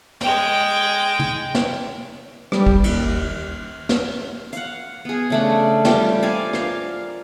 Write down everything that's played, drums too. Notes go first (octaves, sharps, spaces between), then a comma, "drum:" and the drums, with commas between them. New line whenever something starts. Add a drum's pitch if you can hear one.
G#3 G5, drum: snare
drum: tom
drum: snare
G3, drum: rim click
drum: kick
D#2, drum: cymbal
drum: snare
F5 F#5, drum: hi-hat
B3 G#4
C#3 A3 D4
G3 F4 G4, drum: snare
C5 D5 F5 G#5
A#4 F5, drum: rim click